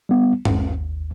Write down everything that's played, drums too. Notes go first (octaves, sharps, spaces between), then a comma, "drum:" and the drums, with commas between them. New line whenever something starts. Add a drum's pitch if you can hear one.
G3 B3
G#1 D#2, drum: tom